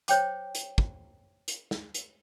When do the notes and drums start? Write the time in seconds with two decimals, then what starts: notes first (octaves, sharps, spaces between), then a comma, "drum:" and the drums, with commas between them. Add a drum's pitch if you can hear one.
0.08 C5 C#5 G5 D6, drum: hi-hat
0.55 drum: hi-hat
0.78 drum: kick
1.48 drum: hi-hat
1.71 drum: snare
1.94 drum: hi-hat